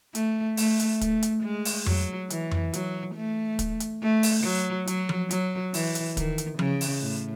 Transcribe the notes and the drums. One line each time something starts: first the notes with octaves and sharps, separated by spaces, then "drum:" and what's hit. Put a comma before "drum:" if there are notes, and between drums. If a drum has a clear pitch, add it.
A3, drum: hi-hat
A3, drum: open hi-hat
drum: hi-hat
A3, drum: kick, hi-hat
drum: hi-hat
G#3
drum: open hi-hat
F#3, drum: tom F2
E3, drum: hi-hat
drum: tom F2
F#3, drum: hi-hat
A3
drum: kick, hi-hat
drum: hi-hat
A3
drum: open hi-hat
F#3
F#3, drum: hi-hat
drum: tom F3
F#3, drum: hi-hat
E3, drum: open hi-hat
drum: hi-hat
D#3, drum: kick, hi-hat
drum: hi-hat
C#3, drum: tom F3
drum: open hi-hat
A2